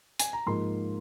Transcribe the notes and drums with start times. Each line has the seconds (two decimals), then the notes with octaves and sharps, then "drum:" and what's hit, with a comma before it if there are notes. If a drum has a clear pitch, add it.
0.19 G#5, drum: hi-hat
0.33 A#5
0.47 G#2 F3 A#3 D#4 C6